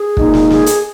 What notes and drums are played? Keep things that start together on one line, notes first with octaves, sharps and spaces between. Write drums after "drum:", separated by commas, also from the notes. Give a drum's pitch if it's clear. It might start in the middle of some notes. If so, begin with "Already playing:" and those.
Already playing: G#4
A#2 G#3 D#4, drum: kick
drum: snare
G#4, drum: snare
drum: hi-hat